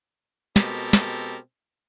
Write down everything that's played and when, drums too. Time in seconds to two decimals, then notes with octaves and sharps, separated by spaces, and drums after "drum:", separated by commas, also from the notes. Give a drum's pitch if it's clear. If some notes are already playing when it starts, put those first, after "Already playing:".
0.56 B2 G#3 C4 G4 A4 A#4, drum: snare
0.93 drum: snare